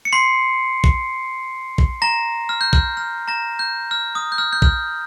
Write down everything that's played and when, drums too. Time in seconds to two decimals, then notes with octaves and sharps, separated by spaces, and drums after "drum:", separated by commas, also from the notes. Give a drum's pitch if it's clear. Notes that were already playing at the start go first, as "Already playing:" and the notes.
0.05 C#7
0.12 C6 C7
0.84 drum: kick
1.78 drum: kick
2.02 A#5 A#6
2.49 F6
2.61 G6
2.73 F6, drum: kick
2.97 F6
3.28 A#5 A#6
3.59 G6
3.91 F6
4.15 D#6
4.32 G6
4.38 F6
4.53 G6
4.62 F6, drum: kick